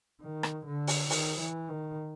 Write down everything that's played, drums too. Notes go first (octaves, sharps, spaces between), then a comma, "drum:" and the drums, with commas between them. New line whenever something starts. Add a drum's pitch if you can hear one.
D#3
drum: rim click
D3
drum: open hi-hat
D#3, drum: open hi-hat
E3
D#3